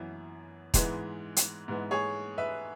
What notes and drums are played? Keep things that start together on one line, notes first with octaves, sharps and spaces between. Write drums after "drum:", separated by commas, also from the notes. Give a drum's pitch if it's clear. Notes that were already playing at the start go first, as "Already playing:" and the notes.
Already playing: F#2 E3 B3
G#2 E3 G#3 B3, drum: kick E1, hi-hat
drum: hi-hat
G#2 E3 G#3 B3
G#4 C#5
B4 E5